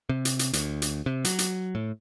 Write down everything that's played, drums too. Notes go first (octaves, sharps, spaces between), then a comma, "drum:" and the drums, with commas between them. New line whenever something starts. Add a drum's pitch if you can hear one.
C3
drum: hi-hat
drum: hi-hat
D2, drum: hi-hat
drum: hi-hat
C3
F#3, drum: hi-hat
drum: hi-hat
A2